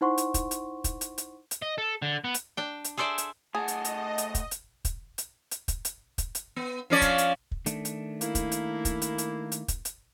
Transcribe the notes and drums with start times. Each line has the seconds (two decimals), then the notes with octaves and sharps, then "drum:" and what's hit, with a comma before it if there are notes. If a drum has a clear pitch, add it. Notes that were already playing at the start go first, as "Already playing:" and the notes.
0.01 D#4 E4 C5 F#5 C6 C#6
0.18 drum: hi-hat
0.34 drum: kick, hi-hat
0.51 drum: hi-hat
0.84 drum: kick, hi-hat
1.01 drum: hi-hat
1.18 drum: hi-hat
1.51 drum: hi-hat
1.62 D#5
1.78 A4
2.02 D3
2.24 B3
2.34 drum: hi-hat
2.57 D4 G5
2.84 drum: hi-hat
2.97 G#4 A4 C5 D5 E5
3.18 drum: hi-hat
3.55 A2 G#4 D#5 F#5 A5
3.68 drum: hi-hat
3.85 drum: hi-hat
4.18 drum: hi-hat
4.35 drum: kick, hi-hat
4.51 drum: hi-hat
4.85 drum: kick, hi-hat
5.18 drum: hi-hat
5.51 drum: hi-hat
5.68 drum: kick, hi-hat
5.85 drum: hi-hat
6.18 drum: kick, hi-hat
6.35 drum: hi-hat
6.56 B3
6.90 F3 C#4 D5
7.01 drum: kick, hi-hat
7.18 drum: hi-hat
7.51 drum: kick
7.66 D#3 A3 D4, drum: hi-hat
7.85 drum: hi-hat
8.21 A#3 E4, drum: hi-hat
8.35 drum: kick, hi-hat
8.52 drum: hi-hat
8.85 drum: kick, hi-hat
9.02 drum: hi-hat
9.18 drum: hi-hat
9.52 drum: hi-hat
9.68 drum: kick, hi-hat
9.85 drum: hi-hat